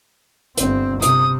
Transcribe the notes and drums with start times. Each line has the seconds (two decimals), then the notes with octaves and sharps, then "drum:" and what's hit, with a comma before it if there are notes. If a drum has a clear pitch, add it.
0.57 G1 C4, drum: hi-hat
1.02 C3 D#6, drum: hi-hat